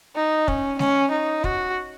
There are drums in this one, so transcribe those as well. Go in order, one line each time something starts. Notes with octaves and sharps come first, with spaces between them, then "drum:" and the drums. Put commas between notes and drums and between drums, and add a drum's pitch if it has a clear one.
D#4
C#4, drum: kick
C#4, drum: snare G#3
D#4
F#4, drum: kick